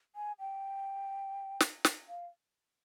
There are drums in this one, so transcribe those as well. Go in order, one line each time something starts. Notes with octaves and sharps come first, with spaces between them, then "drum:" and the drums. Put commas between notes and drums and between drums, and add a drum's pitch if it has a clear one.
G#5
G5
drum: snare
drum: snare
F5